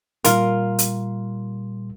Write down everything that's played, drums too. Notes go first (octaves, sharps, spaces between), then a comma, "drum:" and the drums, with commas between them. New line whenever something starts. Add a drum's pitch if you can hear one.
A#2 G3 F4 A#4 C6, drum: hi-hat
drum: hi-hat